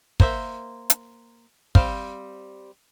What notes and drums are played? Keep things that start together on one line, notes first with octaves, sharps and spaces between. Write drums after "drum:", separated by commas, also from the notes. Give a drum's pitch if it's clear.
A#3 C5 C#5 E5, drum: kick
drum: hi-hat
G3 C4 C5 F5, drum: kick